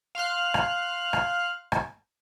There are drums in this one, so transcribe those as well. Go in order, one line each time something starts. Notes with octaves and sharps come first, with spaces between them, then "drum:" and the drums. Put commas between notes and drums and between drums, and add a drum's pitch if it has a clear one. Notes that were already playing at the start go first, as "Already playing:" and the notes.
F5 C6 F6 F#6
drum: rim click
drum: rim click
drum: rim click